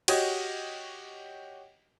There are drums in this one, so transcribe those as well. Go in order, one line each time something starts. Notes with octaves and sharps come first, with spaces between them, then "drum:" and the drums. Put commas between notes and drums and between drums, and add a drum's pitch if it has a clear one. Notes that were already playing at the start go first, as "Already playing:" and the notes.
F#4 G4 C#5 D#5, drum: cymbal